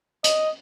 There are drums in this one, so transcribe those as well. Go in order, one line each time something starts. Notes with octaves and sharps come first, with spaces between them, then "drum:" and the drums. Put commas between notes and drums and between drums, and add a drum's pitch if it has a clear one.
D#5, drum: hi-hat